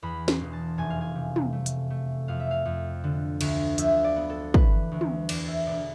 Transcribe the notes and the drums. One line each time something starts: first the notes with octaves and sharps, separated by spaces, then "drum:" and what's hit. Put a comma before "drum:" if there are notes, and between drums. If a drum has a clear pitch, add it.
E2 B5
C6, drum: snare
E1
A5
F1 G#5
F5
G#5
C3
drum: tom
A3
drum: hi-hat
A3
F2 F5
E5
F5
F2
D3
D2, drum: cymbal
F3 E5, drum: hi-hat
D5
B3
A4
E3 B4, drum: kick
D2
drum: tom
E2 D5, drum: cymbal
E5
E1 D5